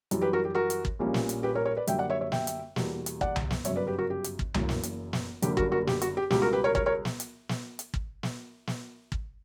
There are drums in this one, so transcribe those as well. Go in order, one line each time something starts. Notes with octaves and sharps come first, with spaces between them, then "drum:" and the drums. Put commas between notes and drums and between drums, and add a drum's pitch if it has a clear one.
F#2 E3 G3, drum: hi-hat
G4 B4
F#4 A#4
G4
F#4 A#4
drum: hi-hat
drum: kick
A#1 A#2 G3 A#3 C#4
drum: snare
drum: hi-hat
G4 B4
A#4 C#5
A#4 C#5
B4 D5
F#2 D3 G3 A#3 E5 G5, drum: hi-hat
D5 F#5
C#5 E5
C#5 E5
E5 G5, drum: snare
drum: hi-hat
E2 B2 G3 A#3, drum: snare
drum: hi-hat
D5 F#5, drum: kick
drum: tom C2
drum: snare
G1 F#2 C#3 F#3 C#5 E5, drum: hi-hat
B4 D5
G4 B4
F#4 A#4
G4
drum: hi-hat
drum: kick
F#1 F#2 E3 A#3, drum: tom C2
drum: snare
drum: hi-hat
drum: snare
F#1 F#2 D3 G3 A#3 G4, drum: hi-hat
F#4 A#4, drum: kick
F#4 A#4
G4, drum: snare
F#4, drum: hi-hat
G4
C#2 B2 G3 G4, drum: snare
F#4 A#4
G4 B4
A#4 C#5
A#4 C#5, drum: kick
A#4 C#5
drum: snare
drum: hi-hat
drum: snare
drum: hi-hat
drum: kick
drum: snare
drum: snare
drum: kick